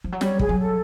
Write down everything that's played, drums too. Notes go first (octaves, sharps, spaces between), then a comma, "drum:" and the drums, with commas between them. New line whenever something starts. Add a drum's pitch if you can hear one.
F3
F#3
G3 C#5, drum: snare
G#4, drum: kick
F#3
A4